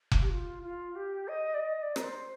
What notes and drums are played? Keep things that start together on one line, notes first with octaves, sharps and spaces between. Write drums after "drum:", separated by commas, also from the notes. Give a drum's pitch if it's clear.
drum: kick F1
G4
F4
F4
G4
D#5
D5
D#5
D5
A#4, drum: rim click
C5